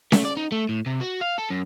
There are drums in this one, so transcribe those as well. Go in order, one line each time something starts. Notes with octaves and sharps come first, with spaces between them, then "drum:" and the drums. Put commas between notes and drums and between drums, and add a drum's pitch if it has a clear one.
A3, drum: snare C#4
D5
D#4
A3
A2
C3
F#4
F5
A4
F#2